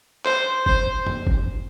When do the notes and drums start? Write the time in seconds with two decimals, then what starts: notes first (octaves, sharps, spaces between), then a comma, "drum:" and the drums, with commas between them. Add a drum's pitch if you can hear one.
0.26 C5, drum: clap
0.66 C5, drum: kick F#1
1.07 drum: tom F2
1.27 drum: kick F#1